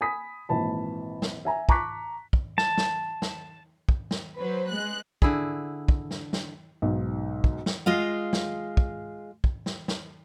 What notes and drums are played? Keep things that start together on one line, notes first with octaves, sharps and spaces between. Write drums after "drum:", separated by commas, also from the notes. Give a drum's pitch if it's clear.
G#5 B5 D#6 B6
G#1 A#2 E3 A5 B5
drum: snare
E5 G#5 A#5
A5 A#5 C#6 D6 F#6 B6, drum: kick
drum: kick
A5, drum: snare
drum: snare
drum: snare
drum: kick
drum: snare
F#3 B4 C5
G#3 F#6
D3 E4 G#4, drum: kick
drum: kick
drum: snare
drum: snare
B1 G#2
drum: kick
drum: snare
G#3 F4 D#5 F5
drum: snare
drum: kick
drum: kick
drum: snare
drum: snare